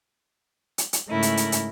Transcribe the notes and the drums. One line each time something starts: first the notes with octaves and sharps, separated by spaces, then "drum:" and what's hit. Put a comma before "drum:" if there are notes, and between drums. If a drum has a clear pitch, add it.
drum: hi-hat
drum: hi-hat
G#2 C#3 A3 E4 A#4
drum: hi-hat
drum: hi-hat
drum: hi-hat